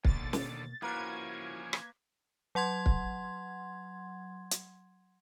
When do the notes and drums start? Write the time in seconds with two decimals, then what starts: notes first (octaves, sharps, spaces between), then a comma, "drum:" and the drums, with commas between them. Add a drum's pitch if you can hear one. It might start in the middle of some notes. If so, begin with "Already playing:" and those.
0.05 D#2 B2 D3 A#3 A6, drum: kick
0.33 drum: snare
0.82 F3 A#3 C#4 E4 F#4 B4 G#6
1.73 drum: rim click
2.55 F#3 F#5 C6 G#6
2.86 drum: kick
4.51 drum: hi-hat